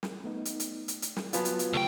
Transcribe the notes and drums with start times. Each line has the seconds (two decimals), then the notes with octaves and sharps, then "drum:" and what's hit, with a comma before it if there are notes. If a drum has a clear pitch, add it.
0.03 drum: snare
0.24 A3 B3 D#4
0.45 drum: hi-hat
0.60 drum: hi-hat
0.88 drum: hi-hat
1.02 drum: hi-hat
1.16 drum: snare
1.33 F#3 B3 F4 F5 G#5 A5, drum: hi-hat
1.45 drum: hi-hat
1.59 drum: hi-hat
1.73 D2 A3 G4 G5 C#6